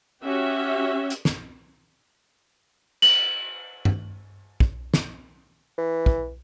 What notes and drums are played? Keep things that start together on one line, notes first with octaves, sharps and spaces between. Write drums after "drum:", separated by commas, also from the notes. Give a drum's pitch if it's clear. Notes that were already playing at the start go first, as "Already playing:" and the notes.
C#4 F#4 G4 E5
drum: hi-hat
drum: snare
F#7, drum: cymbal
drum: tom G2
drum: kick
drum: snare
E3
drum: kick